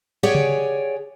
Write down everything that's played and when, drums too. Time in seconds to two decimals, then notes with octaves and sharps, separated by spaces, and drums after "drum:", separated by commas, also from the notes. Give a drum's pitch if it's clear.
0.23 G4 G#4 C#5 D5 F#5 G#5
0.35 drum: tom C#3